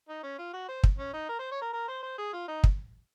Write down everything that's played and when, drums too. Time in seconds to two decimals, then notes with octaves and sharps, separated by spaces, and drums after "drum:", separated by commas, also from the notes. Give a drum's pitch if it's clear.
0.09 D#4
0.23 C#4
0.38 F4
0.53 F#4
0.68 C5
0.84 drum: kick
0.98 C#4
1.14 D#4
1.29 A#4
1.39 C5
1.52 C#5
1.62 A#4
1.73 A#4
1.88 C5
2.03 C5
2.18 G#4
2.33 F4
2.48 D#4
2.64 drum: kick